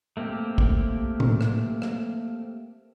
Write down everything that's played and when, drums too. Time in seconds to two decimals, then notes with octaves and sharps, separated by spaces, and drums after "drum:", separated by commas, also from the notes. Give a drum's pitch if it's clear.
0.17 A3 A#3 C4 G4
0.58 drum: kick
1.20 drum: tom
1.41 drum: rim click
1.82 drum: rim click